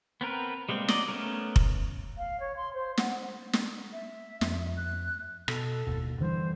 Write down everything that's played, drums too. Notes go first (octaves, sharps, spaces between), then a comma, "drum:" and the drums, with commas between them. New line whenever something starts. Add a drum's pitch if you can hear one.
B3 C4 A#4 B4
G3 G#3 A#3 C4
F#3 D5 D#5, drum: snare
A3 B3 C#4 A#4
drum: kick F1
F5
C#5
C6
C5
F#5, drum: snare
drum: snare
E5
F2, drum: snare
F#6
B2 A4, drum: rim click
F#1 D#2 B2
D3 E3 G3 C5